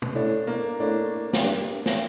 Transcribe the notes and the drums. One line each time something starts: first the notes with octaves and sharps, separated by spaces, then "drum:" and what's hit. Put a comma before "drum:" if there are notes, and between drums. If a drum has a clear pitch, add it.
drum: tom
A2 D4
A#3
A2 D4
drum: snare
G2
drum: snare